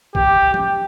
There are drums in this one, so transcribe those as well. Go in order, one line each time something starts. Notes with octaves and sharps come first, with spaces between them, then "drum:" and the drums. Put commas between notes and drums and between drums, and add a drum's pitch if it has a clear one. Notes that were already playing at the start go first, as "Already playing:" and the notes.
G4, drum: kick
G5, drum: tom F3